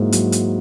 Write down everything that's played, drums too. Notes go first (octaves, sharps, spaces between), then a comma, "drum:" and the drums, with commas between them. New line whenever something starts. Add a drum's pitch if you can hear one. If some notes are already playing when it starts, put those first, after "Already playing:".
Already playing: G#2 F#3 A#3 E4
F#3, drum: hi-hat
drum: hi-hat